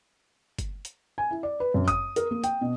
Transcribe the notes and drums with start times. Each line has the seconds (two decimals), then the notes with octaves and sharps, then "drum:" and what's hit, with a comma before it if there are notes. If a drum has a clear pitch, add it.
0.59 drum: kick F#1, hi-hat
0.85 drum: hi-hat
1.18 G#5
1.31 E4
1.43 D5
1.60 B4
1.74 F#2
1.88 D#6, drum: kick F#1, hi-hat
2.16 A#4, drum: hi-hat
2.31 A#3
2.44 G5, drum: hi-hat
2.61 B2